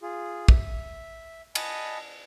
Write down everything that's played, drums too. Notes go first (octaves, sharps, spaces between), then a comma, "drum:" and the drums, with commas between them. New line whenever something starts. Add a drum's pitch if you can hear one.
F4 G#4
E5, drum: kick
D#5 F#5 G#5 A5 B5, drum: cymbal